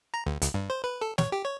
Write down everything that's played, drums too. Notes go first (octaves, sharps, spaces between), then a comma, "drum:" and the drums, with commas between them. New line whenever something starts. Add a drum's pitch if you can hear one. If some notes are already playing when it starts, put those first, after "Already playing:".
A#5
D2
C#2, drum: hi-hat
G2
C5
B4
A4
C#5, drum: snare
G4
C#5